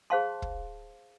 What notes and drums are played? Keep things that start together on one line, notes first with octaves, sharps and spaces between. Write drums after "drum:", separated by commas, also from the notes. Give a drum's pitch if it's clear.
G#4 C5 F5 A5 C6
drum: kick